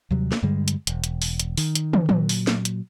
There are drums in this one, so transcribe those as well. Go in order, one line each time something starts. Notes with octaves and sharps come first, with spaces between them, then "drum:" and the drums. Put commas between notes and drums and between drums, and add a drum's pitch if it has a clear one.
D#2 C3 F#3 G3
drum: snare
G2 D3 G3 G#3
drum: hi-hat
E1, drum: hi-hat
drum: hi-hat
drum: open hi-hat
drum: hi-hat
D#3, drum: open hi-hat
drum: hi-hat
drum: tom
A#2 F#3, drum: tom
drum: open hi-hat
drum: snare
drum: hi-hat